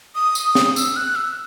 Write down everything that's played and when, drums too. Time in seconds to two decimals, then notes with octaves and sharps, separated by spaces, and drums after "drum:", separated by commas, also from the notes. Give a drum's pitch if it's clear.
0.15 D#6
0.35 drum: tambourine
0.55 drum: snare
0.76 E6, drum: tambourine
0.96 F#6
1.16 E6